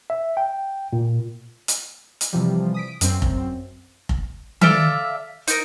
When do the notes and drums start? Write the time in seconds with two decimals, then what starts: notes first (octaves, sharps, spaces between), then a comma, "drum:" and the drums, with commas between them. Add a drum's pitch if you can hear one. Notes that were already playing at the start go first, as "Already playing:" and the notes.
0.10 E5
0.37 G5
0.93 A#2
1.68 drum: hi-hat
2.21 drum: hi-hat
2.33 C3 E3 F3 G3
2.74 D#6 B6 D7
3.01 F#2 C4, drum: hi-hat
3.22 drum: kick F1
4.09 drum: kick F1
4.61 A4 D5 E5 F5, drum: tom D#3
5.48 D#4 A#4, drum: hi-hat